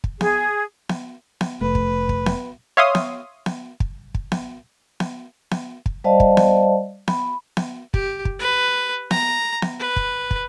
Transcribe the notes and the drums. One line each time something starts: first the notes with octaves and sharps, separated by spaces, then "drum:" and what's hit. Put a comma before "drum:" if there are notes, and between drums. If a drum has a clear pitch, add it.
drum: kick
G#4, drum: snare B3
drum: snare B3
drum: snare B3
F1 A3 B4
drum: kick
drum: kick
drum: snare B3
C#5 E5 F5 C6 D#6
drum: snare B3
drum: snare B3
drum: kick
drum: kick
drum: snare B3
drum: snare B3
drum: snare B3
drum: kick
G3 C5 D5 D#5 F5 A5
drum: kick
drum: snare B3
B5, drum: snare B3
drum: snare B3
G4, drum: kick
drum: kick
B4
A#5, drum: snare B3
drum: snare B3
B4
drum: kick
drum: kick